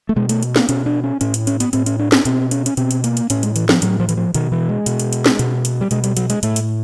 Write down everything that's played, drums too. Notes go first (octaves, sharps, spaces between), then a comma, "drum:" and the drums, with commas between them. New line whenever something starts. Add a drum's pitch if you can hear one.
A3
B2 G#3
A3, drum: hi-hat
drum: hi-hat
A#3, drum: snare
B2 C#4, drum: hi-hat
D4
C#4
A2 C#4, drum: hi-hat
drum: hi-hat
C#4, drum: hi-hat
B3, drum: hi-hat
A2 C4, drum: hi-hat
C#4, drum: hi-hat
D4
C#4, drum: snare
B2 C4, drum: hi-hat
C#4, drum: hi-hat
C#4, drum: hi-hat
B2 C4, drum: hi-hat
drum: hi-hat
A#3, drum: hi-hat
drum: hi-hat
A2 C#4, drum: hi-hat
G#3, drum: hi-hat
E3, drum: hi-hat
F3, drum: snare
A2 F#3, drum: hi-hat
F3
E3, drum: hi-hat
F3
B2 D#3, drum: hi-hat
E3
G#3
B2, drum: hi-hat
drum: hi-hat
drum: hi-hat
drum: snare
B2, drum: hi-hat
drum: hi-hat
G3
B2 G#3, drum: hi-hat
G3, drum: hi-hat
F#3, drum: hi-hat
G#3, drum: hi-hat
A2 A3, drum: hi-hat
drum: hi-hat